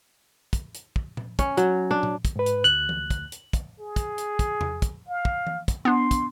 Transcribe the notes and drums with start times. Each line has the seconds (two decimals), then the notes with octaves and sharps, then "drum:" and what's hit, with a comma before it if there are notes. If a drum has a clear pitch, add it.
0.53 drum: kick, hi-hat
0.74 drum: hi-hat
0.96 drum: kick
1.17 drum: tom A#2
1.39 C#4, drum: kick, hi-hat
1.57 F#3, drum: hi-hat
1.91 D4
2.03 drum: tom A#2
2.25 drum: kick, hi-hat
2.36 G#2 B4
2.46 drum: hi-hat
2.64 D2 F#6 F#7
2.89 drum: tom E3
3.10 drum: kick, hi-hat
3.32 drum: hi-hat
3.53 drum: kick, hi-hat
3.80 G#4
3.96 drum: kick, hi-hat
4.18 drum: hi-hat
4.39 drum: kick, hi-hat
4.61 drum: tom E2
4.82 drum: kick, hi-hat
5.09 F5
5.25 drum: kick
5.47 drum: tom E3
5.68 drum: kick, hi-hat
5.85 B3 D4 C6
6.11 drum: kick, hi-hat